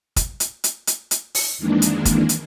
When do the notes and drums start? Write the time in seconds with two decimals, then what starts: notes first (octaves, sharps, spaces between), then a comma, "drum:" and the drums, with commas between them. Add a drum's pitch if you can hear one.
0.16 drum: kick, hi-hat
0.40 drum: hi-hat
0.64 drum: hi-hat
0.87 drum: hi-hat
1.11 drum: hi-hat
1.35 drum: open hi-hat
1.58 F2 D#3 E3 G#3 A#3 D4
1.82 drum: hi-hat
2.05 drum: kick, hi-hat
2.29 drum: hi-hat